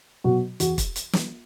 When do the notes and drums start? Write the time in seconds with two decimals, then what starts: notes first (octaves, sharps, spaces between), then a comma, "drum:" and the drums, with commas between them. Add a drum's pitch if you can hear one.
0.24 B2 F#3 F#4
0.60 E2 F#4, drum: hi-hat
0.78 drum: kick, hi-hat
0.96 drum: hi-hat
1.13 drum: snare